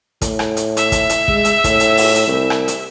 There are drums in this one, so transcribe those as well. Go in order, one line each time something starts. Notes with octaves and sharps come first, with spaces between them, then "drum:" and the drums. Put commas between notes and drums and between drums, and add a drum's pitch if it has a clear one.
A2, drum: kick, hi-hat
drum: rim click
drum: hi-hat
E5, drum: hi-hat
drum: kick, hi-hat
drum: hi-hat
G#3, drum: kick
drum: hi-hat
A2, drum: kick, hi-hat
drum: hi-hat
drum: open hi-hat
drum: hi-hat
C2
drum: rim click
drum: hi-hat